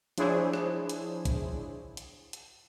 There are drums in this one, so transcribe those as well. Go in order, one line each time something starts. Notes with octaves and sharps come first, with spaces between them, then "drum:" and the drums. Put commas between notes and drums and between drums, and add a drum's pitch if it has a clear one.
F3 D4 E4 G#4 C5 C#5, drum: hi-hat
drum: rim click
drum: hi-hat
drum: kick, hi-hat
drum: hi-hat
drum: hi-hat